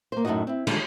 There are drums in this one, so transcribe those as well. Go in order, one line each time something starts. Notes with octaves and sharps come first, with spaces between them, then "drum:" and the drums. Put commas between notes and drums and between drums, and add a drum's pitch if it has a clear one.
A#3 C5
F#2 A2 E3 D#4 F#4 D#5
C4 E4
D3 D#3 F3 G3 G#3, drum: cymbal